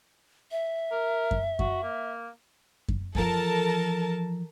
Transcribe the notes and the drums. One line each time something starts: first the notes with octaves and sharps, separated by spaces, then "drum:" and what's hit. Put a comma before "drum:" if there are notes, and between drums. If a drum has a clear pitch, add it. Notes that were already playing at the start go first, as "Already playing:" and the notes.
E5
A#4
drum: kick F#2
F#4, drum: kick F#2
A#3
drum: kick F#2
E3 F3 A4 A#4 A5, drum: kick F#2